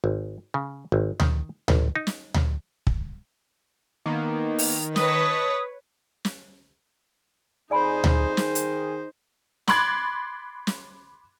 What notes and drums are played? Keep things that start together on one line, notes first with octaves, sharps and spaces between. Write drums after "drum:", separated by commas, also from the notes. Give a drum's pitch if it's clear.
G#1
C#3
G#1
D#3, drum: tom D2
A1, drum: tom D2
D#4
drum: snare
drum: tom D2
drum: kick
D#3 A#3 B3
drum: open hi-hat
B4 C#5 D#5 A5 D#6, drum: snare
drum: snare
F2 D#4 G#4 C5 D5 G#5 B5
drum: tom D2
D#3 G#4, drum: snare
drum: hi-hat
B5 C6 D6 F#6 G#6 A6, drum: snare
drum: snare